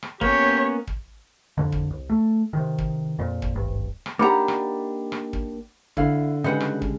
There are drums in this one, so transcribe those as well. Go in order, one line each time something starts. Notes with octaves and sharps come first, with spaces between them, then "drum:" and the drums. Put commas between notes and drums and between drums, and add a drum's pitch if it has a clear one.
drum: rim click
A#3 B3 C#4 G4 C#5, drum: kick
drum: kick
F2 D3
drum: kick
C2
A3
C3 D#3
drum: kick
F2 A#2
drum: kick
D1 G#1 G2
drum: rim click
A#3 D4 D#4 G4 F#5 A#5 B5 D6
drum: rim click
drum: rim click
drum: kick
D3 E4 F5, drum: kick
C#3 G3 G#3 D#4 B4 F#5
drum: rim click
drum: kick